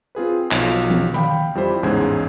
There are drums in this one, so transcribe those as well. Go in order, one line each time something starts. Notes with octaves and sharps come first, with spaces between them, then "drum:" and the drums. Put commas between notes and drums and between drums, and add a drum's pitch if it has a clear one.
C4 F4 G#4 B4
B1 F3, drum: clap
drum: tom E3
F5 G5 B5, drum: tom D#3
F2 G3 E4 C5 B5
A1 E2 G#2 C#3 G#3 G#6